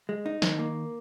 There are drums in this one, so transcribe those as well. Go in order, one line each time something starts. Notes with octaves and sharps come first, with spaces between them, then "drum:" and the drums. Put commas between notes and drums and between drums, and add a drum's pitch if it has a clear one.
G#3
D#4
D#3, drum: snare
A#3